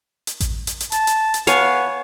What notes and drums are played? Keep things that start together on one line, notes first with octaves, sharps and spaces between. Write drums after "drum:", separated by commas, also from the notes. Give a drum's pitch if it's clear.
drum: hi-hat
drum: kick A1, hi-hat
drum: hi-hat
drum: hi-hat
A5, drum: hi-hat
drum: hi-hat
drum: hi-hat
B3 C#5 F5 G#5, drum: hi-hat